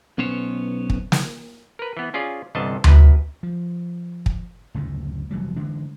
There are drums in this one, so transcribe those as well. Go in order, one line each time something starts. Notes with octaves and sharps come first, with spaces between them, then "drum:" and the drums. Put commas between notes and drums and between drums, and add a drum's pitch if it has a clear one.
B1 B2 B3 C#4 C5 C#5
drum: kick
drum: snare
A#4 B4
E3 B3
C#4 F4 G#4 D5
G1 C2 E3 D4 D#5 A5
F#2 B4, drum: tom D2
F3
drum: kick
F#1 D2 A2 C#3
F1 E3 F#3 G3
D3 E3 G#3 D4